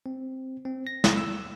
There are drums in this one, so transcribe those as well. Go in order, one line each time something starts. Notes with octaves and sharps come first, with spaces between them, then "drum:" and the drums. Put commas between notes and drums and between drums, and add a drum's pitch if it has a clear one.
C4
C4
A#6
drum: snare
E6